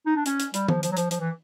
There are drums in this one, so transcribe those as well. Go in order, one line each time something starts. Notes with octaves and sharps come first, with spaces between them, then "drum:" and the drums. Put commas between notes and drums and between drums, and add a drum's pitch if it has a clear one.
D#4
D4
C#4, drum: hi-hat
drum: hi-hat
G3, drum: hi-hat
F3, drum: tom D#3
F3, drum: hi-hat
F#3
F3, drum: hi-hat
F3, drum: hi-hat
E3